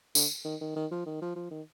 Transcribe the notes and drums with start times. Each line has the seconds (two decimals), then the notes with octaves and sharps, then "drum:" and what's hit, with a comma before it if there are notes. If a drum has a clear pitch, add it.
0.15 D3, drum: tambourine
0.45 D#3
0.61 D#3
0.76 D#3
0.91 F3
1.06 D#3
1.21 F3
1.36 F3
1.51 D#3